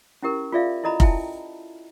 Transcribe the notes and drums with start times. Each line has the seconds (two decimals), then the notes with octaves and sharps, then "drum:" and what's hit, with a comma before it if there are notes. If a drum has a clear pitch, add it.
0.22 C#4 E4 G4 A#4
0.52 F4 G#4 D5 E5 F5
0.84 E4 A4 D#5 A#5 B5
1.00 E4 E5 G5 A5, drum: kick F1